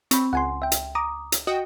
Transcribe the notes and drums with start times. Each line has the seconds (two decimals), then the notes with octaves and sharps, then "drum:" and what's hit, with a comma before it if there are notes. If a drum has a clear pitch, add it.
0.11 C4 B5 C#6, drum: hi-hat
0.33 C#2 F#5 G#5 C6
0.62 E5 G5
0.72 drum: hi-hat
0.95 A#5 D6 D#6
1.32 drum: hi-hat
1.47 F#4 D#5 G5 D#6